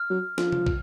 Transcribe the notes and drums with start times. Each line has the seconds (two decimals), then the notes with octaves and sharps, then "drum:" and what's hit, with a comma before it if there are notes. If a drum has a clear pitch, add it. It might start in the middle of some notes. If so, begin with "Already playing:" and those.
Already playing: F6
0.10 F#3
0.38 F3, drum: snare
0.52 drum: tom C3
0.67 drum: kick